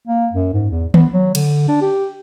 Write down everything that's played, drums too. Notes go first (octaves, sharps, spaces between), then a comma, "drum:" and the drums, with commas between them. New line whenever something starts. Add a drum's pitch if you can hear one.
A#3
F#2
G#2
E2
B3, drum: tom D#3
F#3
D3, drum: cymbal
D4
G4